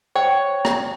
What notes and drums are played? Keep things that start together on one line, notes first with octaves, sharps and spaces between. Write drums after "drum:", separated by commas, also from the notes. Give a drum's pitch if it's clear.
C5 C#5 G5
drum: rim click